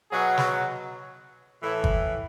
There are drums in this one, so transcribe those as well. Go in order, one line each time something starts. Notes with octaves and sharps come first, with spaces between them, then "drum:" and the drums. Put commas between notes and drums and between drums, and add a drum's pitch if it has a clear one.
B2 F#3 G#4
drum: snare
A2 E3 E4
drum: kick